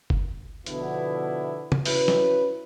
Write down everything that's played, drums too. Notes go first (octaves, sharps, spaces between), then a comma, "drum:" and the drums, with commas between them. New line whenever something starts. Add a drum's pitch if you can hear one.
drum: kick F#1
B2 D3 F3 B3 D4 E4, drum: hi-hat
drum: tom
C#4 E4 F#4 B4, drum: open hi-hat
drum: snare